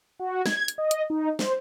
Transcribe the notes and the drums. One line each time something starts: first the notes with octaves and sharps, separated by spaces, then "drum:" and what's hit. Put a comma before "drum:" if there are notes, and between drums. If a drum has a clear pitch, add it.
F#4
G#6, drum: snare
drum: hi-hat
D#5
drum: hi-hat
D#4
C5, drum: snare